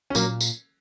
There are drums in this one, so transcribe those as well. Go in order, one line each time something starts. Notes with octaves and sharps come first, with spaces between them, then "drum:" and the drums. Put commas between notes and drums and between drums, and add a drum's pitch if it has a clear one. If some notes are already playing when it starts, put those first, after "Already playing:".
C#4
A#2 F#3 A#3, drum: tambourine
drum: tambourine